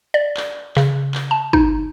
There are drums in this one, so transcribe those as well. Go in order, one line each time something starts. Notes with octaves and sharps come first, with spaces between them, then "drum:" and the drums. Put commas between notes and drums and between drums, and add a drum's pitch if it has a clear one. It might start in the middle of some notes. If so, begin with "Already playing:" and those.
D5
drum: clap
C#3, drum: clap
drum: clap
A5
D#4, drum: kick